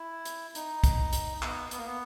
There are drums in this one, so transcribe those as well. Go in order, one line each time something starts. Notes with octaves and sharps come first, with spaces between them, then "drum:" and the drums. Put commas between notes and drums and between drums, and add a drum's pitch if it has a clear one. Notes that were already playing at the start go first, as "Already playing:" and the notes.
Already playing: E4
drum: hi-hat
D#4, drum: hi-hat
drum: kick, hi-hat
drum: hi-hat
B3, drum: clap
B3, drum: hi-hat
A#3
B3